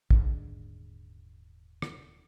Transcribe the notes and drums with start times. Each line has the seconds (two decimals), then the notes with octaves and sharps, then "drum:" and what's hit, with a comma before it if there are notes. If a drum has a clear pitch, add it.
0.11 D#1 G#2 D3, drum: kick
1.82 drum: rim click